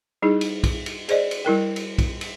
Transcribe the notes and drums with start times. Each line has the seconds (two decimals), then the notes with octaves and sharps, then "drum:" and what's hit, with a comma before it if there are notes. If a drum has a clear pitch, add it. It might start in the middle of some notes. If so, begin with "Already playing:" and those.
0.22 G3 D#4 E4 G#4
0.41 drum: cymbal
0.64 drum: kick, cymbal
0.86 drum: cymbal
1.09 G#4 C5 D5 D#5, drum: cymbal
1.31 drum: cymbal
1.45 G3 E4 A#4 G5
1.76 drum: cymbal
1.98 drum: kick, cymbal
2.21 drum: cymbal